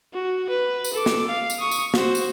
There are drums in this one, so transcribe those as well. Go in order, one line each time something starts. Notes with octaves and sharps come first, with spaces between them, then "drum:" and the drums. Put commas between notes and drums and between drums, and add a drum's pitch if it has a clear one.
F#4
B4
drum: tambourine
A4 D6
drum: snare
F5
drum: tambourine
C#6 D#6
drum: tambourine
F#4 C5, drum: snare
drum: tambourine